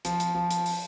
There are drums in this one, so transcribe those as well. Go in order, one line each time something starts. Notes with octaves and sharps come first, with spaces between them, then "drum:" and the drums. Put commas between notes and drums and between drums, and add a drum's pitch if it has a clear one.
F3, drum: hi-hat
drum: hi-hat
F3
drum: hi-hat
drum: open hi-hat